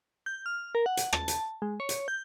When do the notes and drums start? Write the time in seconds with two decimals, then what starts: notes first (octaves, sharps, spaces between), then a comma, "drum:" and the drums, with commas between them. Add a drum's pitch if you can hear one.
0.26 G6
0.46 F6
0.75 A#4
0.86 F#5
0.97 drum: hi-hat
1.13 A5, drum: rim click
1.28 drum: hi-hat
1.62 G#3
1.80 C#5
1.89 drum: hi-hat
2.08 G6